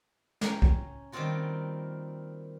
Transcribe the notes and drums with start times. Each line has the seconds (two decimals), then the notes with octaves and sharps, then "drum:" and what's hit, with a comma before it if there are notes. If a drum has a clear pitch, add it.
0.41 C#4 G5 A#5, drum: snare
0.62 drum: kick
1.12 D#3 G3 A#3 C4 F4 F#4